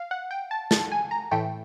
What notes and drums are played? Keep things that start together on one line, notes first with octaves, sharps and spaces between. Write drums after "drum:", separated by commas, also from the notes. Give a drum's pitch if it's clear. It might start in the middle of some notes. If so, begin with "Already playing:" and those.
Already playing: F5
F#5
G5
A5
A5, drum: snare
G#5
A#5
A2 E3 A3 G5